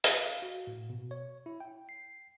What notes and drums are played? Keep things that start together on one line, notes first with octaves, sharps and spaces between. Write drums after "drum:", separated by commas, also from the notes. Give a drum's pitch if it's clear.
F5, drum: open hi-hat
F#4
A2
B2
C#5
E4
G5
C7